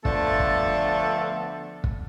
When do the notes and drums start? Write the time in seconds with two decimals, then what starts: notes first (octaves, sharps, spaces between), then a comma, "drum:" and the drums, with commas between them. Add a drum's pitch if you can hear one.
0.05 D3 F3 A3 B3 D4 A4, drum: kick
0.39 drum: kick
1.84 drum: kick